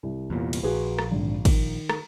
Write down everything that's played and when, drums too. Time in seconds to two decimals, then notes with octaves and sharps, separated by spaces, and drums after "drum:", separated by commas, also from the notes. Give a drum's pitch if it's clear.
0.03 C2
0.30 E2 A#2
0.53 drum: cymbal
0.63 A#1 F#4 G#4 B4
0.99 drum: rim click
1.11 G#1 D3
1.45 D#3, drum: kick, cymbal
1.89 drum: rim click